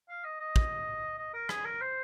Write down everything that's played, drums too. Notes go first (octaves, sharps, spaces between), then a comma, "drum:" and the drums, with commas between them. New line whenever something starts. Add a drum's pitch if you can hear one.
F5
D#5
D#5
drum: kick
D#5
A#4
G#4, drum: rim click
A#4
C5